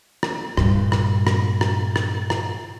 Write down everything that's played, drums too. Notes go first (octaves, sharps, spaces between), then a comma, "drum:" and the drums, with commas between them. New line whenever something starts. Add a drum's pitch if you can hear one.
drum: rim click
G2 A#2, drum: rim click
drum: rim click
drum: rim click
drum: rim click
drum: rim click
drum: rim click